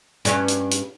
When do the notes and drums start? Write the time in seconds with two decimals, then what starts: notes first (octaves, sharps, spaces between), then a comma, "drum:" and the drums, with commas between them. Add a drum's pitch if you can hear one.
0.25 G2 C#4, drum: hi-hat
0.48 drum: hi-hat
0.71 drum: hi-hat